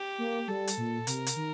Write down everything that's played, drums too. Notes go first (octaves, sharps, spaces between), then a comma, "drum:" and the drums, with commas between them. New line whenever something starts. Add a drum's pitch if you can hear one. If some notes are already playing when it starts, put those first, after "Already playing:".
Already playing: G4
A#3
G3 A4
drum: hi-hat
A#2
C3 A#4, drum: hi-hat
drum: hi-hat
D#3